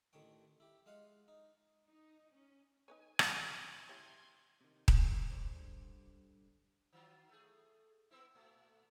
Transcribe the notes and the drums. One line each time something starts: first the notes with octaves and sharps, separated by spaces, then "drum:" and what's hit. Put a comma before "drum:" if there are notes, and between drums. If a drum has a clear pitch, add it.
A1 D3 D#3 C#5 G5
E4 G4
G#3 F4 D#5 F5 F#5
D#4
D#4
C#4
D#4 B4 C#5 G#5
drum: rim click
C6 G#6
E4 G4 C#5
C3 D#3
A2 F3, drum: kick D#1
A3 G#4 C5 D5
D3 G3
D#3 F#3 F4
A3 G#4
B3 C4 E4
A#2 A3